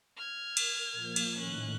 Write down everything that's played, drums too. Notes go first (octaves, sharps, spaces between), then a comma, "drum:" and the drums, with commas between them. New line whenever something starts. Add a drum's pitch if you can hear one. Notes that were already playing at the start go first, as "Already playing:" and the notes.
F6 G#6
A#4, drum: cymbal
A#2 F3 A#3
drum: cymbal
A2 D#3 C#4 F#6